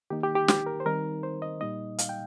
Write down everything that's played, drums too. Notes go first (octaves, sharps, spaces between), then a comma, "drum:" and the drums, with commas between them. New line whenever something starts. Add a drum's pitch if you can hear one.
D#3 A#3 D#4 G4
G4
G4
G4, drum: snare
A#4
C5
D#3 G3 C4 D#4 A#4
C5
D#5
A#2 G3 A#3 D#4 D#5
F5, drum: hi-hat
G5